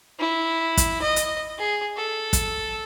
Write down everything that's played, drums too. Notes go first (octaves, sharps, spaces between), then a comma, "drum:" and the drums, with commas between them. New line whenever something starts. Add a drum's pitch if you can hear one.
E4
drum: kick, hi-hat
D#5
drum: hi-hat
G#4
A4
drum: kick, hi-hat